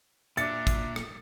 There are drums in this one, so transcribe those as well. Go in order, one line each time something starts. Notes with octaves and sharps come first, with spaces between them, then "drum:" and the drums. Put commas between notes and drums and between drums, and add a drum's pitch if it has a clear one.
A#2 D4 E5 A6 C#7, drum: hi-hat
drum: kick, hi-hat
drum: rim click